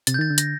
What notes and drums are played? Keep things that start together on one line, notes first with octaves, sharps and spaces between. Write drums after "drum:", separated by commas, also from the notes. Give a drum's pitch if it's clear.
C3 A6, drum: hi-hat
G6
D#3 A6
D3
A#6, drum: hi-hat